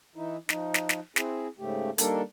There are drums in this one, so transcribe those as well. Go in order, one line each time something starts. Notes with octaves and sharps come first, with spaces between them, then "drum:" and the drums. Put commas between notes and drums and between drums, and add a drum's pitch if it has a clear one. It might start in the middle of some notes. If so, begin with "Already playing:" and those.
E3 D#4 E4
F3 D#4, drum: snare
drum: snare
drum: snare
C4 E4 G#4, drum: snare
G#2 C#3 A3 G4
D#3 G3 A#3 D4 A4 A#4, drum: hi-hat